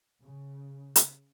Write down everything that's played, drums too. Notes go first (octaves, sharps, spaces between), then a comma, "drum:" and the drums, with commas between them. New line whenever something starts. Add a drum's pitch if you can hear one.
C#3
drum: hi-hat